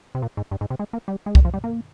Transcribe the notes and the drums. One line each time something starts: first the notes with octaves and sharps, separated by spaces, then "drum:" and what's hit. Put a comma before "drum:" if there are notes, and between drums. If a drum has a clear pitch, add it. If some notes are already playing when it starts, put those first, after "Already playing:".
C3
A#2
G#2
G2
G#2
C3
G#3
A#3
G3
G#3
G3, drum: kick
F3
G3
A#3